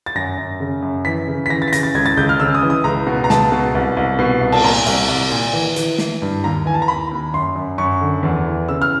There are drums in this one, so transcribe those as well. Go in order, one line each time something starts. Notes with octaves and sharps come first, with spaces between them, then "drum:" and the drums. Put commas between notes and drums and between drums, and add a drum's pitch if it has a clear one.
A6
F#2 A#6
F#2
C#3
F#2
E3 B6
C#3
B6
E3 A#6
A6
B6
C#3 A#6, drum: hi-hat
A6
C#2 G#6
A6
C#2 G6
F6
C#3 E6
D#6
E3
D#6
C#2 A#5
B2
A#5
C#2 A5, drum: snare
B2
C2
C2
B2
C2
A5, drum: cymbal
A#2 A#5
C2, drum: cymbal
C2
A#2
E3
E3, drum: hi-hat
E3, drum: snare
G2
D#2 A#5
E3 G#5
A5
A#5
D#2 B5
D#2
F#2 C6
F#2
F#2 C#6
D3
E2
E3
C#3 E6
F6